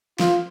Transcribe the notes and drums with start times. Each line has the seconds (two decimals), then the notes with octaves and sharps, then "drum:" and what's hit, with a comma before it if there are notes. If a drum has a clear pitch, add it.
0.20 F4, drum: snare